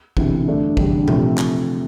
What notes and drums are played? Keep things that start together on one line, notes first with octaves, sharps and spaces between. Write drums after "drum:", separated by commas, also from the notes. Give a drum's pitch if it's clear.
E1 D2 C3 E3, drum: kick
G2 D3 A3 D4
F1 E2 D3 G3 D4, drum: kick
C3 F3 A3, drum: tom A#2
drum: clap